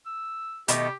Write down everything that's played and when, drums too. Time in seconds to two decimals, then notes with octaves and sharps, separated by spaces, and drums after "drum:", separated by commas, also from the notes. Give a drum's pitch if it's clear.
0.06 E6
0.68 B2 D#3 A3 G4, drum: hi-hat